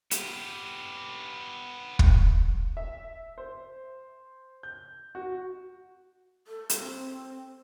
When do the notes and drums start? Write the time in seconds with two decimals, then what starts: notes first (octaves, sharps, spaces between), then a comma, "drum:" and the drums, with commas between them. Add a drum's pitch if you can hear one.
0.11 B3 G4, drum: hi-hat
1.99 drum: kick
2.77 E5
3.38 C5
4.63 G6
5.15 F#4
6.47 A4
6.69 drum: hi-hat
6.80 C4